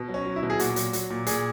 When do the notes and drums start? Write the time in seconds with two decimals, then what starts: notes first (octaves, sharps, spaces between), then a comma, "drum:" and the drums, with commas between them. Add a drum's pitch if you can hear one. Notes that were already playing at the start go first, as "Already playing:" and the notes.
Already playing: B2
0.08 F#3
0.14 C#4
0.25 F#3
0.36 E4
0.43 B2
0.50 G#4
0.59 A#2 F#4, drum: hi-hat
0.76 F#3, drum: hi-hat
0.93 F#3, drum: hi-hat
1.10 A#2
1.27 A#2 G#4, drum: hi-hat